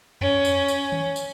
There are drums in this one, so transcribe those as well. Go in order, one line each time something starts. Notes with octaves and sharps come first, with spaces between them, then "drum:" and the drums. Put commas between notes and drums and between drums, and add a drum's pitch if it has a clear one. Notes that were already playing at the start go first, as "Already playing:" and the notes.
C#4, drum: tom E2
drum: tambourine
drum: tambourine
drum: tom D#3
drum: tambourine